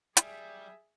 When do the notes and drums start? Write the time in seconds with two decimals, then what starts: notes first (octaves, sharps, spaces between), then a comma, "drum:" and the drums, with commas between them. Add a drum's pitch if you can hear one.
0.17 G3 G#4 E5, drum: hi-hat